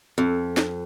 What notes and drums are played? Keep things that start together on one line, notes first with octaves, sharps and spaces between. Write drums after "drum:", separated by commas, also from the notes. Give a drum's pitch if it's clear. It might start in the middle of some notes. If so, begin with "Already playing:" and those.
F2
drum: snare